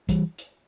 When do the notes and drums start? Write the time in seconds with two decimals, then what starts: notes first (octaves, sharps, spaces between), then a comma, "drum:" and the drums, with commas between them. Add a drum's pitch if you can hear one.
0.09 E3 G3, drum: kick, hi-hat
0.38 drum: hi-hat